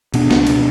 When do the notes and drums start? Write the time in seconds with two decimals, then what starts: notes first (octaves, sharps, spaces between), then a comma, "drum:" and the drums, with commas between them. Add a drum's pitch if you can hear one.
0.14 B2 B3 D4, drum: cymbal
0.31 C#2, drum: snare
0.47 B2, drum: cymbal